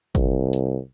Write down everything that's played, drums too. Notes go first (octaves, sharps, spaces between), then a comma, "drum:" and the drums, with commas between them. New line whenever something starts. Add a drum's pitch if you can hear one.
C2, drum: kick, hi-hat
drum: hi-hat